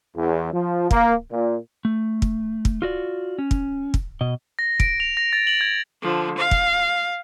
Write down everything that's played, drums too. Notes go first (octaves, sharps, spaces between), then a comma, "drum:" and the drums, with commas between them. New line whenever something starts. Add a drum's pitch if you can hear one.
E2
F3
A#3, drum: kick
A#2
A3
drum: kick
drum: kick
F4 F#4 D5
C#4
drum: kick
drum: kick
B2 D#5
A#6
D7, drum: kick
F7
A#6
A6
F#7
G#6
D3 F3
F5
drum: kick